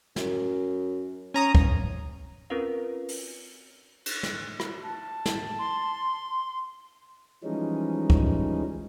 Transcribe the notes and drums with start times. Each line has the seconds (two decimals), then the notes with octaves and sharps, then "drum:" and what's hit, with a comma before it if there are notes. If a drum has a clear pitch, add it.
0.16 F#2, drum: snare
1.34 C#4 A#5 D#6
1.55 drum: kick
2.50 C4 C#4 F4 A#4 B4 F5
3.09 drum: open hi-hat
4.06 drum: cymbal
4.23 drum: snare
4.60 drum: rim click
4.84 A5
5.26 drum: snare
5.59 C6
7.44 E3 F3 G3 G#3 C#4 D#4
8.10 drum: kick